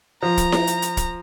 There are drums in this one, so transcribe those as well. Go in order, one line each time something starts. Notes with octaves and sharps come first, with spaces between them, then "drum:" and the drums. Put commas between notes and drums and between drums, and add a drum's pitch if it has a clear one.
F3 A#5
drum: kick, hi-hat
drum: snare E4
drum: hi-hat
drum: hi-hat
drum: kick, hi-hat